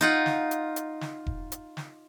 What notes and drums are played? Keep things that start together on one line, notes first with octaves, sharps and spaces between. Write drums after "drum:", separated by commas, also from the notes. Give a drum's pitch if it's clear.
D#4 F4 F#5
drum: snare
drum: hi-hat
drum: hi-hat
drum: snare
drum: kick E1
drum: hi-hat
drum: snare